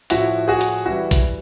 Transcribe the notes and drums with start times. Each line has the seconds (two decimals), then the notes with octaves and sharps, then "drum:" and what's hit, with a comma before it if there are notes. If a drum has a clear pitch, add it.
0.10 A2 F3 E4 F#4, drum: hi-hat
0.48 F#4 G#4
0.61 drum: hi-hat
0.85 E3 G3 E4 F#4
1.11 drum: kick A#1, hi-hat